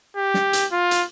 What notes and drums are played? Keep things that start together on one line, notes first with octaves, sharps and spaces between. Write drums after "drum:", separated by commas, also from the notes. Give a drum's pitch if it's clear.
G4
drum: snare
drum: hi-hat
F4
drum: hi-hat